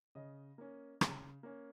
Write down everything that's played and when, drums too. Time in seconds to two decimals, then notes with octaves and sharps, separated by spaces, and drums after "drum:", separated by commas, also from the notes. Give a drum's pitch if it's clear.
0.15 C#3 D#5
0.58 A#3 C#4
1.01 C#3, drum: rim click
1.43 A#3 C#4